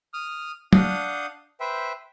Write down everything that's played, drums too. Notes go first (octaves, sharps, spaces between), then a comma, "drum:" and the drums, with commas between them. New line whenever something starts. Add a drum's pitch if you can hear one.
D#6 F6
D4 F5 F#5 D#6 G6, drum: tom
B4 C5 E5 G5